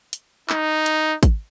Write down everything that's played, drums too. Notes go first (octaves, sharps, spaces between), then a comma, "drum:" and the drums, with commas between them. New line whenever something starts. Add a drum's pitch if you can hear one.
drum: hi-hat
D#4, drum: clap
drum: hi-hat
drum: kick, hi-hat